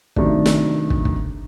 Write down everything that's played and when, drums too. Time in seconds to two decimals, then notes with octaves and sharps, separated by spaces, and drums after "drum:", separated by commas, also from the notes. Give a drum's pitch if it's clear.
0.16 C3 D#3 F#3 A3 D4, drum: kick
0.46 drum: snare
0.90 drum: kick
1.05 drum: kick